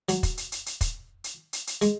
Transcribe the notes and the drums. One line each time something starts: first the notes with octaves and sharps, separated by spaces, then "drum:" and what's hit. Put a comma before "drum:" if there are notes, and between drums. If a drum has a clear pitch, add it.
F#3, drum: hi-hat
drum: kick, hi-hat
drum: hi-hat
drum: hi-hat
drum: hi-hat
drum: kick, hi-hat
drum: hi-hat
drum: hi-hat
drum: hi-hat
G#3, drum: hi-hat